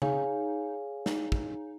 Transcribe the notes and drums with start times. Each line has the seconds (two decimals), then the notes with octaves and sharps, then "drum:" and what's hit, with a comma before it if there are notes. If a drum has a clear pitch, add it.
0.02 D#4 G#4 C#5 F5 G#5, drum: tom C#3
1.06 D#4, drum: snare
1.32 drum: kick